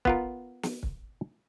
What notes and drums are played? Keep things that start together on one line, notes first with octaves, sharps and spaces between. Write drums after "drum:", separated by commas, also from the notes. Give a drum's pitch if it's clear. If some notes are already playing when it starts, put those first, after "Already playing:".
B3 F4 A#4, drum: kick
drum: snare
drum: kick